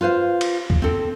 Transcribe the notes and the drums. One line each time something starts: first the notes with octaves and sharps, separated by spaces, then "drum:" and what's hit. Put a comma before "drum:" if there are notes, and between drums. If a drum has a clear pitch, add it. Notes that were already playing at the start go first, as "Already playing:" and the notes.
F4 B4 C5 F5
drum: cymbal
drum: kick
C4 A4